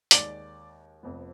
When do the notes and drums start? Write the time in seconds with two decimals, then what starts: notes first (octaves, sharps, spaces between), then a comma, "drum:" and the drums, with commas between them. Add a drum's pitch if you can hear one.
0.11 D#2 D#3 G#3 D5 D6, drum: hi-hat
1.03 F1 F2 F3 B3